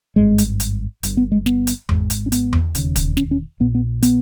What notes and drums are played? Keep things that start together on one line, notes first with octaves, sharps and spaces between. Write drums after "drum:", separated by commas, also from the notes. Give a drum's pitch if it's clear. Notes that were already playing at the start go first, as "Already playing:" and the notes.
G#1 G2 G#3
drum: hi-hat
drum: hi-hat
G1 G2, drum: hi-hat
B3
G#3
B3, drum: snare
drum: hi-hat
G#1 G#2, drum: tom E2
drum: hi-hat
C#4
B3, drum: hi-hat
drum: tom E2
E1 D#2 C#3, drum: hi-hat
drum: kick, hi-hat
C#4, drum: snare
C#4
A#1 A#2 B3
B3
B3, drum: hi-hat